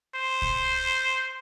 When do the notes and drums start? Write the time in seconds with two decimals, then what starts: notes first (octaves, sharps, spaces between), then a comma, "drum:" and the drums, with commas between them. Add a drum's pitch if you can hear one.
0.15 C5
0.42 drum: kick C2